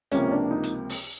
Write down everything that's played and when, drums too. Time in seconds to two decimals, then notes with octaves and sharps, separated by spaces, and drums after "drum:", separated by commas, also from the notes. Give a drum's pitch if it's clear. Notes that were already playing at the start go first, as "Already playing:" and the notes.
0.12 C#2 C3 F3 A#3 C#4, drum: hi-hat
0.31 D4
0.51 D#4
0.64 drum: hi-hat
0.89 drum: open hi-hat